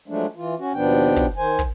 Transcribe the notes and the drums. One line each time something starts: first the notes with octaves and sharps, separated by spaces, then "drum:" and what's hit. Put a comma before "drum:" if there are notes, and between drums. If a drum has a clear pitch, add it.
F3 F#3 G#3 A3 D4
E3 F4
C#4 F#4
D#2 B2 F3 B3 D4 G5
drum: kick
D#3 C5 G#5
drum: kick